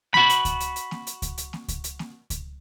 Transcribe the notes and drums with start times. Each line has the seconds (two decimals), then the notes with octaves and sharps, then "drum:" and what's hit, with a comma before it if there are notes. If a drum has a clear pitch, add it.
0.14 F#4 B5, drum: snare A#3
0.29 drum: hi-hat
0.45 drum: kick C#2, hi-hat
0.60 drum: hi-hat
0.76 drum: hi-hat
0.91 drum: snare A#3
1.07 drum: hi-hat
1.22 drum: kick C#2, hi-hat
1.38 drum: hi-hat
1.53 drum: snare A#3
1.68 drum: kick C#2, hi-hat
1.84 drum: hi-hat
1.99 drum: snare A#3
2.30 drum: kick C#2, hi-hat